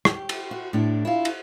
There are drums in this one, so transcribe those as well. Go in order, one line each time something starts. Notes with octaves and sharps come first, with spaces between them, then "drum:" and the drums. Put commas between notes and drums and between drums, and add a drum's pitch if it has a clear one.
G4, drum: rim click
drum: cymbal
F#4
A2 D4
E4 F4
drum: cymbal